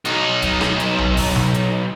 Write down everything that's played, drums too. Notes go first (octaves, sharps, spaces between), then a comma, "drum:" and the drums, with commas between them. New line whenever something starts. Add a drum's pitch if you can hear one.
B1 D#4, drum: hi-hat
drum: kick, hi-hat
drum: rim click
drum: hi-hat
drum: tom A#1
drum: kick, open hi-hat
drum: tom B2
drum: hi-hat